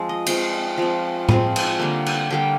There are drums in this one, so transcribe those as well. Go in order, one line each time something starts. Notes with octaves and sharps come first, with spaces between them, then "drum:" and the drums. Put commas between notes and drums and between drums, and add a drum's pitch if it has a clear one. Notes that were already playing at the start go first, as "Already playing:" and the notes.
Already playing: F3 G#3 C4
D#5
F3 G#3 C4 G5, drum: cymbal
F3 G#3 C4
F3 G#3 C4 G#5, drum: tom A2
drum: cymbal
D3 G3 A#3
drum: cymbal
D3 G3 A#3 G5